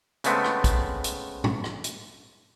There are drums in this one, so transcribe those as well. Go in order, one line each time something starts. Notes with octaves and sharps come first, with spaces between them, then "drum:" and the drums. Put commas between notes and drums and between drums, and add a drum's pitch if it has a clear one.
C#3 G#3 A3 B3 C4, drum: hi-hat
drum: rim click
drum: kick, hi-hat
drum: hi-hat
drum: tom
drum: rim click
drum: hi-hat